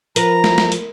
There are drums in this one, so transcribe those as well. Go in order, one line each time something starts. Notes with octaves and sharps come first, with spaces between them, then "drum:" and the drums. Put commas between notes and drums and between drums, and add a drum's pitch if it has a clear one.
F3 A#4 B4 A#5, drum: hi-hat
drum: snare
drum: snare
drum: hi-hat